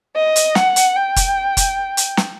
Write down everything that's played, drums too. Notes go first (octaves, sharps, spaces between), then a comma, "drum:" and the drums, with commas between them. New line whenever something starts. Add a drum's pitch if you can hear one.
D#5
drum: hi-hat
F#5, drum: snare
drum: hi-hat
G5
drum: kick F1, hi-hat
drum: kick F1, hi-hat
drum: hi-hat
drum: snare